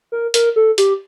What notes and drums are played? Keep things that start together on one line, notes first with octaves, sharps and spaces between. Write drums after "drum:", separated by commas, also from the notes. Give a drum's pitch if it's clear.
A#4
A#4, drum: hi-hat
A4
G4, drum: hi-hat